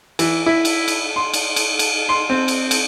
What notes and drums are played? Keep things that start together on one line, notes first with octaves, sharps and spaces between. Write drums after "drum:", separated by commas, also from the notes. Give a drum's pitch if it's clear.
E3, drum: cymbal
E4
drum: cymbal
drum: cymbal
C6
drum: cymbal
drum: cymbal
drum: cymbal
C6
C4
drum: cymbal
drum: cymbal